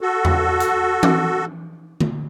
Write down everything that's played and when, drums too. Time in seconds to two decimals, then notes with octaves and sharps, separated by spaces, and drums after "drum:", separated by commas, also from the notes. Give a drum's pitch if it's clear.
0.01 F#4 A4
0.25 drum: tom E2
0.60 drum: hi-hat
1.03 drum: tom
2.00 drum: tom